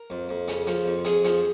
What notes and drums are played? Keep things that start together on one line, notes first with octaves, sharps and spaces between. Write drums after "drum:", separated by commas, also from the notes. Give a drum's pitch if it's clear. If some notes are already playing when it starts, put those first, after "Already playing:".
Already playing: A#4
F2
F2
C#3, drum: hi-hat
F3, drum: hi-hat
F2
F2 G#4, drum: hi-hat
F3, drum: hi-hat